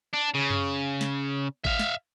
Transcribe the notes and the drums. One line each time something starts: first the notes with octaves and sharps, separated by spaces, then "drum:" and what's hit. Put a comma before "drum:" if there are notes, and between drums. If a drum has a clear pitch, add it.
D4
C#3
drum: tom F#2
drum: snare
E5 F5, drum: kick G#1
drum: snare